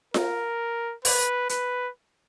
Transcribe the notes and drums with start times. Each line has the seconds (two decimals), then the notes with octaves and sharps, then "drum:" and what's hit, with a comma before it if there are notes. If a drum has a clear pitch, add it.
0.14 A#4, drum: snare F4
1.05 B4, drum: open hi-hat
1.49 B4, drum: hi-hat